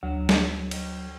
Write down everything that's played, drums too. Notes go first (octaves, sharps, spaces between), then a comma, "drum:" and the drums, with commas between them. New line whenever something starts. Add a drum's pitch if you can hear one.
D2 F#3
drum: snare
drum: cymbal